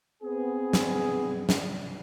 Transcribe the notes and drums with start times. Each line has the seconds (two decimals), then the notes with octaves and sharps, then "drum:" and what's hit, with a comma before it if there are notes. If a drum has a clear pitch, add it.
0.23 B3 C4 G#4
0.73 drum: snare
1.49 drum: snare